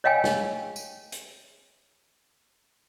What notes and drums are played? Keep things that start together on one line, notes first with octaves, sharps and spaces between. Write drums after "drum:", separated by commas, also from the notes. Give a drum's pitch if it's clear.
C#5 D#5 F5 G5 G#5
drum: snare
drum: tambourine
drum: hi-hat